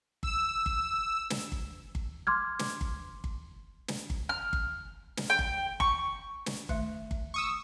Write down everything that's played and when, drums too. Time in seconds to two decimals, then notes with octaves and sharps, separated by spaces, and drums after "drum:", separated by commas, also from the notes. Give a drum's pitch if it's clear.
0.23 E6, drum: kick G1
0.66 drum: kick G1
1.30 drum: snare
1.52 drum: kick G1
1.95 drum: kick G1
2.27 C6 D6 F6 G#6
2.59 drum: snare
2.81 drum: kick G1
3.24 drum: kick G1
3.88 drum: snare
4.10 drum: kick G1
4.29 F6
4.53 drum: kick G1
5.17 drum: snare
5.30 G5
5.39 drum: kick G1
5.80 C#6, drum: kick G1
6.46 drum: snare
6.69 D#3 A3 E5, drum: kick G1
7.11 drum: kick G1
7.34 C#6 D#6 E6